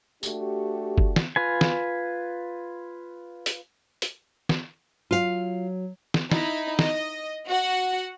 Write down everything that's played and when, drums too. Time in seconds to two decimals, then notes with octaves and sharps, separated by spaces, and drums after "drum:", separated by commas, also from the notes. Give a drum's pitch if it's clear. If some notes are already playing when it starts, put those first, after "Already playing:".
0.23 A3 D4 F#4 G4, drum: tambourine
0.98 drum: kick
1.16 drum: snare
1.36 F4 B4 G#5
1.61 drum: snare
3.46 drum: hi-hat
4.02 drum: hi-hat
4.49 drum: snare
5.11 F#3 F4 F5
6.14 drum: snare
6.32 D#4 E4 B5, drum: snare
6.79 D#5, drum: snare
7.48 F#4 F#5